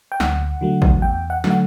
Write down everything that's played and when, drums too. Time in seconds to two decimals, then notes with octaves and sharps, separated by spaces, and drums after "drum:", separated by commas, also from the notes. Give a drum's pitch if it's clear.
0.12 G5
0.20 D2 F#5, drum: snare
0.61 D3 F#3 A3
0.82 drum: kick
1.02 E2 G5
1.30 F#5
1.44 D3 F#3 A3, drum: snare
1.50 F#5